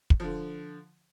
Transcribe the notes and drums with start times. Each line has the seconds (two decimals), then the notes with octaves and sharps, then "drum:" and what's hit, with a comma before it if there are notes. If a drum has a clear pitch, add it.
0.10 drum: kick
0.20 D3 F3